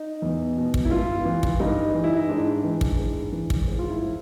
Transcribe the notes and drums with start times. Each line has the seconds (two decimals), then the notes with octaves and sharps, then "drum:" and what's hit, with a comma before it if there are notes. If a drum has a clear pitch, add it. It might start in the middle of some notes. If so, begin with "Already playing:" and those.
Already playing: D#4
0.22 E2
0.57 B2
0.74 drum: kick
0.85 E4
0.91 G2 F4
1.25 E3
1.43 drum: kick
1.60 G2 D#4
1.95 E3
2.04 E4
2.16 D#4
2.29 G#2 D4
2.64 E3
2.81 drum: kick
2.99 G#2
3.32 E3
3.50 drum: kick
3.68 G#2
3.79 F4
3.90 E4
4.02 F3